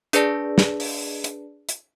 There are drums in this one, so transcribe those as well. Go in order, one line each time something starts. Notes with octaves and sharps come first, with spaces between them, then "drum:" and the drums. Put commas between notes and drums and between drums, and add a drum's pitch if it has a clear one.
D4 G#4 B4 D5 A5 A#6, drum: hi-hat
drum: snare
drum: open hi-hat
drum: hi-hat
drum: hi-hat